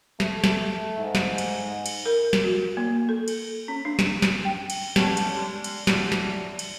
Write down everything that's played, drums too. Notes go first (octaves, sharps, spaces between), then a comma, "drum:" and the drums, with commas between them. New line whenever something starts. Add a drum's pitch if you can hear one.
A3, drum: snare
drum: snare
G#2
drum: snare
drum: cymbal
drum: cymbal
A#4
drum: snare
F#4
A#3
A4
drum: cymbal
C#4
D4
drum: snare
drum: snare
G5
drum: cymbal
G3 A3 B3 C#4 D4, drum: snare
drum: cymbal
G3 G#3
drum: cymbal
D3 E3 F#3 G3, drum: snare
drum: snare
drum: cymbal